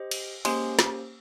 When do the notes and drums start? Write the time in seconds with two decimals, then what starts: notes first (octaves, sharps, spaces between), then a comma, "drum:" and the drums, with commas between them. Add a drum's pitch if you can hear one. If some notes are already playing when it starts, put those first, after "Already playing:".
Already playing: G4 C5 D#5
0.11 drum: cymbal
0.45 G#3 A#3 C#4 G4 C5, drum: cymbal
0.79 drum: snare